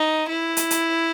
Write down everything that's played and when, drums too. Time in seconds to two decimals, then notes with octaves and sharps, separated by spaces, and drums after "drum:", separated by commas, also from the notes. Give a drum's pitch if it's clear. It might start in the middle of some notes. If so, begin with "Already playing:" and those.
Already playing: D#4
0.29 E4
0.57 drum: hi-hat
0.71 drum: hi-hat